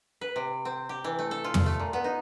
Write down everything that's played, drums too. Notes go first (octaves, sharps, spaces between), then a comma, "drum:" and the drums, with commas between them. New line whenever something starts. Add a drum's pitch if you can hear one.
B4
C3
C4
G4
E3
A3
A4
F4
drum: tom
A3
A#2
B3
D#4